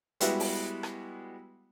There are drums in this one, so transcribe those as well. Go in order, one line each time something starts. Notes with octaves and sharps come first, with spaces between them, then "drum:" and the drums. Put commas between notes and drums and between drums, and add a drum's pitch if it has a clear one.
G3 G#3 B3 E4 F#4, drum: hi-hat
drum: open hi-hat
drum: rim click